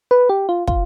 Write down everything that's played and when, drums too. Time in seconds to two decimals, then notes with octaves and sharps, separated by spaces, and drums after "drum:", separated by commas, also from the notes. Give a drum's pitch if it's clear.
0.11 B4
0.29 G4
0.49 F4
0.68 F4, drum: kick